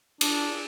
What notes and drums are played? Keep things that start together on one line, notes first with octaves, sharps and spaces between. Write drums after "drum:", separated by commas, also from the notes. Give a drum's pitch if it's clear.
D4, drum: cymbal